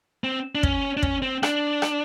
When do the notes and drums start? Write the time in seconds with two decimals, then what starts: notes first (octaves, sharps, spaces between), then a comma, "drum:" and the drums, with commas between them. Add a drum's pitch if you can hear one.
0.24 C4
0.55 D4
0.63 C#4, drum: kick
0.97 D4
1.03 C#4, drum: kick
1.22 C4
1.43 D4, drum: rim click
1.82 drum: rim click